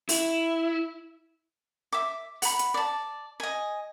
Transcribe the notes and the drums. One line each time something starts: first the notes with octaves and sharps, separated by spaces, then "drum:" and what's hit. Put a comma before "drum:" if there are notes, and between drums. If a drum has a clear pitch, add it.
E4, drum: open hi-hat
E5 D6
F#5 B5, drum: open hi-hat
drum: hi-hat
D5 A5
D#5 G#5